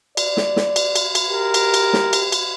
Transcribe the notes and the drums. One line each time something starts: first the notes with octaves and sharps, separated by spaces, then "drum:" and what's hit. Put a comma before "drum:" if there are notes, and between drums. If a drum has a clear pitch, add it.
D5, drum: cymbal
drum: snare
drum: snare
drum: cymbal
drum: cymbal
drum: cymbal
G4 A#4
drum: cymbal
drum: cymbal
drum: snare
drum: cymbal
drum: cymbal